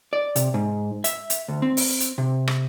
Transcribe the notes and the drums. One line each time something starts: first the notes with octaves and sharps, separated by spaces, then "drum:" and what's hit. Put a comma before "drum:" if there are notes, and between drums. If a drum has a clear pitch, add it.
D5
C3, drum: hi-hat
G#2
E5, drum: hi-hat
drum: hi-hat
D2
C4
drum: open hi-hat
drum: hi-hat
C3
drum: rim click